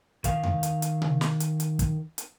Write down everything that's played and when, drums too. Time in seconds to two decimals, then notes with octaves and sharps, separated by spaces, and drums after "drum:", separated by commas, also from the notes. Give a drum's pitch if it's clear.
0.24 D#3 F5, drum: kick, hi-hat
0.43 drum: tom E2
0.63 drum: hi-hat
0.82 drum: hi-hat
1.02 drum: tom C3
1.21 drum: snare
1.40 drum: hi-hat
1.60 drum: hi-hat
1.79 drum: kick, hi-hat
2.18 drum: hi-hat